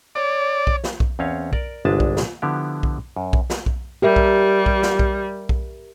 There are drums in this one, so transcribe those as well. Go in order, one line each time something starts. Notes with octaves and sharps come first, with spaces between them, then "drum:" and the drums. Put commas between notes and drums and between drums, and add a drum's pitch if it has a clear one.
C#5 D5
drum: kick B1
drum: snare
drum: kick B1
E2 C4 C#4 C#5 F5
A#4 D5, drum: kick B1
G1 C2 G#3 D4 B4 A5
drum: kick B1
drum: snare
D3 F3 B3 E4 G4
drum: kick B1
F#2
drum: kick B1
drum: snare
drum: kick B1
G3 G4 A#4 E5
drum: kick B1
drum: kick B1
drum: snare
drum: kick B1
drum: kick B1